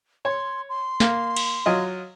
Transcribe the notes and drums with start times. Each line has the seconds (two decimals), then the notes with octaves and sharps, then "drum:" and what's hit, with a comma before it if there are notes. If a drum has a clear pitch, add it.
0.25 C#5 C6
0.69 C6
1.00 A#3 F5, drum: snare
1.36 drum: cymbal
1.66 F#3 F4 D#5